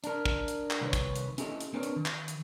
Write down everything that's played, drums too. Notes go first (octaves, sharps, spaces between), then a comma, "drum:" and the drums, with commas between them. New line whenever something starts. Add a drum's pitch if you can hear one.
D4 A#4, drum: hi-hat
drum: kick
drum: hi-hat
drum: clap
C2 D#3 B4 C#5
drum: kick, hi-hat
drum: hi-hat
C#4 E4 G4 A4 D#5, drum: hi-hat
drum: hi-hat
C4 D4 A#4 B4 C#5
drum: hi-hat
D#3
drum: clap
drum: hi-hat